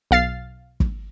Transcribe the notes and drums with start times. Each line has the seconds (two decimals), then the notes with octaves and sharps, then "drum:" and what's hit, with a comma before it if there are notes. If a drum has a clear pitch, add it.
0.11 B1 F5 A6 C7
0.80 drum: kick